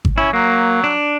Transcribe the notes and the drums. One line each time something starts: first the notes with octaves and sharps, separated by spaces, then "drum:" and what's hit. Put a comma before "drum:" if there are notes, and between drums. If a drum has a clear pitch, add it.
drum: kick G#1
C#4 E4
F#3 A#3
D4